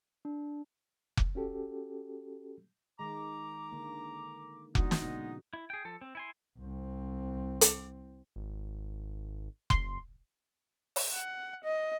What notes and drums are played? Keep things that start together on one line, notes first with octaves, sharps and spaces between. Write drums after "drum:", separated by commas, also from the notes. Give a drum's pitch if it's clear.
D4
drum: kick F1
C#4 F#4 G4 A4
D#3 G#3 A#5 D6
D3 A#3
F3 G#3 B3 D4 D#4 F#4, drum: kick F1
drum: snare
A#2 C#3
E4
G#4 G5
F3 A4
C4
E4 G#5 C6
C2 C4
drum: hi-hat
G#1
F#1 C6, drum: kick F1
drum: open hi-hat
F#5
D#5